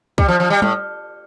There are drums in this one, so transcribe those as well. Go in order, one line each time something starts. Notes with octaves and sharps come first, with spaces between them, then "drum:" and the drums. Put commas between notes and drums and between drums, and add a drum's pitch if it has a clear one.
G3, drum: kick
F3
F3
G3
A2, drum: tom G3